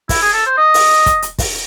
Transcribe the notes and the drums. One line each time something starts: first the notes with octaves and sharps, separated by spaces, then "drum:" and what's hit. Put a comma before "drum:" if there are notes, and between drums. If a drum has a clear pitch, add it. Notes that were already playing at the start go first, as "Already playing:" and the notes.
E4, drum: kick, open hi-hat
G#4
A4
C5
D#5
drum: open hi-hat
drum: kick, hi-hat
drum: hi-hat
drum: kick, open hi-hat